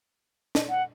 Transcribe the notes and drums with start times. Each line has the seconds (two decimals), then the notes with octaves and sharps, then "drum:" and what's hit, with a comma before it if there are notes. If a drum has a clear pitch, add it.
0.55 drum: snare
0.70 F#5